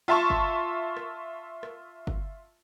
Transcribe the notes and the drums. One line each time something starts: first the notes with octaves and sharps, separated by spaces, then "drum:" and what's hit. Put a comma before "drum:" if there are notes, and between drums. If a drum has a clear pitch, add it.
F4 E5 A5 C6 C#6
drum: kick G1
drum: rim click
drum: rim click
drum: kick G1